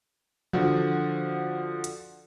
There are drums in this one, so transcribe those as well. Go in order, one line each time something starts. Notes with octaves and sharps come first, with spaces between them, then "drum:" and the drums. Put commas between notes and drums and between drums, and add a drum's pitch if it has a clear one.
D3 F3 F#4, drum: tom E3
drum: hi-hat